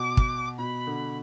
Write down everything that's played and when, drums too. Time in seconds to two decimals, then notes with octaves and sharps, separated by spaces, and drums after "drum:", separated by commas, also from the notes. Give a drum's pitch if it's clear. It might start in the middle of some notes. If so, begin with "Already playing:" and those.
Already playing: B2 D6
0.17 drum: kick
0.59 B2 B5
0.87 D3